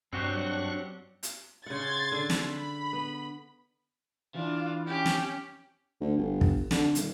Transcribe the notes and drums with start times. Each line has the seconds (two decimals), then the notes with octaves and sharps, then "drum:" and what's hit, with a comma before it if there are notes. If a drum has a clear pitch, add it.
0.13 G2 F#3 C4 D4 F#4 G4 C#6 F#6
1.23 drum: hi-hat
1.66 C#3 F#5 C6 G#6 A6
2.12 D3
2.30 drum: snare
2.49 B5
2.93 B3
4.35 E3 D4 F4
4.87 C#4 G4
5.06 drum: snare
6.00 D2
6.17 G1
6.41 drum: kick
6.71 D3, drum: snare
6.95 D#1, drum: hi-hat